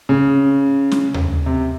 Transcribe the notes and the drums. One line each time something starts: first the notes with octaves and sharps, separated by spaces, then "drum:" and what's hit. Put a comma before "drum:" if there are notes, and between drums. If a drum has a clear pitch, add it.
C#3
drum: snare
drum: tom D#2
C3